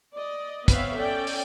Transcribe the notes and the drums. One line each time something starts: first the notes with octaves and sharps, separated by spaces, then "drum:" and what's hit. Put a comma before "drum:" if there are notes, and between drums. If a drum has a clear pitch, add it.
D5 D#5
B3 C4 B4 C#5 E5 F5, drum: kick, hi-hat
C#4 A4 D5 G5
drum: open hi-hat